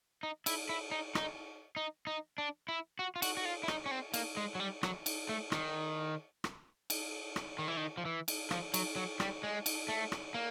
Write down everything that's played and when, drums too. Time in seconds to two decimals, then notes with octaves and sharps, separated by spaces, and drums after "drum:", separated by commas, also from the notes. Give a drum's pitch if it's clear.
0.23 D#4
0.46 E4, drum: cymbal
0.69 E4
0.91 D#4
1.15 D#4, drum: rim click
1.76 D#4
2.07 D#4
2.38 D4
2.68 E4
2.99 F#4
3.16 F4
3.22 F#4, drum: cymbal
3.37 F#4
3.45 F4
3.63 E4
3.68 D#4, drum: rim click
3.86 C#4
3.91 C4
4.14 A#3, drum: cymbal
4.37 G#3
4.55 F#3
4.60 G3
4.83 F#3, drum: rim click
5.06 drum: cymbal
5.29 A3
5.52 D#3, drum: rim click
6.44 drum: rim click
6.90 drum: cymbal
7.36 drum: rim click
7.59 D#3
7.68 E3
7.77 D#3
7.98 F3
8.05 E3
8.28 drum: cymbal
8.51 F3, drum: rim click
8.74 F#3, drum: cymbal
8.96 F#3
9.20 G3, drum: rim click
9.43 G#3
9.66 drum: cymbal
9.89 A3
10.12 drum: rim click
10.34 A#3